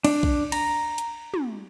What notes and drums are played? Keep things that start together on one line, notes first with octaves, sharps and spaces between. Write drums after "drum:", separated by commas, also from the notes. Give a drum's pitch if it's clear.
D4, drum: cymbal
drum: kick B1
A#5, drum: cymbal
drum: hi-hat
drum: tom